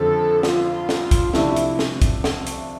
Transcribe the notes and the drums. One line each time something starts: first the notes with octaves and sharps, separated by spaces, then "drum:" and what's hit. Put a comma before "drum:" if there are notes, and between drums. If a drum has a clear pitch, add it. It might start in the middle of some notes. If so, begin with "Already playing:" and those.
Already playing: F2 D3 F3 A4
F4, drum: snare
drum: snare
drum: kick, hi-hat
C3 F3 A3 D4 E4, drum: snare
drum: hi-hat
drum: snare
drum: kick, hi-hat
drum: snare
drum: hi-hat